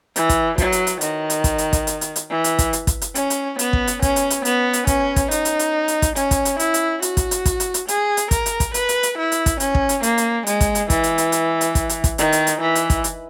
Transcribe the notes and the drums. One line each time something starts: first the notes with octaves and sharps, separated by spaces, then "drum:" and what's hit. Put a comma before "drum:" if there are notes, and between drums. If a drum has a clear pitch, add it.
E3, drum: hi-hat
drum: kick, hi-hat
F#3, drum: kick, hi-hat
drum: hi-hat
drum: hi-hat
D#3, drum: hi-hat
drum: hi-hat
drum: kick, hi-hat
drum: hi-hat
drum: kick, hi-hat
drum: hi-hat
drum: hi-hat
drum: hi-hat
E3
drum: hi-hat
drum: kick, hi-hat
drum: hi-hat
drum: kick, hi-hat
drum: hi-hat
C#4, drum: hi-hat
drum: hi-hat
B3, drum: hi-hat
drum: kick
drum: hi-hat
C#4, drum: kick, hi-hat
drum: hi-hat
drum: hi-hat
B3, drum: hi-hat
drum: hi-hat
C#4, drum: kick, hi-hat
drum: kick, hi-hat
D#4, drum: hi-hat
drum: hi-hat
drum: hi-hat
drum: hi-hat
drum: kick, hi-hat
C#4, drum: hi-hat
drum: kick, hi-hat
drum: hi-hat
E4, drum: hi-hat
drum: hi-hat
F#4, drum: hi-hat
drum: kick, hi-hat
drum: hi-hat
drum: kick, hi-hat
drum: hi-hat
drum: hi-hat
G#4, drum: hi-hat
drum: hi-hat
A#4, drum: kick, hi-hat
drum: hi-hat
drum: kick, hi-hat
B4, drum: hi-hat
drum: hi-hat
drum: hi-hat
E4
drum: hi-hat
drum: kick, hi-hat
C#4, drum: hi-hat
drum: kick
drum: hi-hat
A#3, drum: hi-hat
drum: hi-hat
G#3, drum: hi-hat
drum: kick, hi-hat
drum: hi-hat
E3, drum: kick, hi-hat
drum: hi-hat
drum: hi-hat
drum: hi-hat
drum: hi-hat
drum: kick, hi-hat
drum: hi-hat
drum: kick, hi-hat
D#3, drum: hi-hat
drum: hi-hat
drum: hi-hat
E3
drum: hi-hat
drum: kick, hi-hat
drum: hi-hat